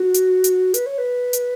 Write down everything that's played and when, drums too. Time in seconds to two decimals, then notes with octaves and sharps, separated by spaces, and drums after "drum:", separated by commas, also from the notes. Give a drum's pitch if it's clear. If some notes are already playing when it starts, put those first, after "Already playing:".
Already playing: F#4
0.14 drum: hi-hat
0.44 drum: hi-hat
0.74 B4, drum: hi-hat
0.86 C#5
0.98 B4
1.33 drum: hi-hat